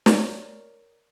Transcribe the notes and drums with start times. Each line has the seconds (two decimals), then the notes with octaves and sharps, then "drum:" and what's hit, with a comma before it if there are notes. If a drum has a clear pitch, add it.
0.06 A#4 C#5 D5, drum: snare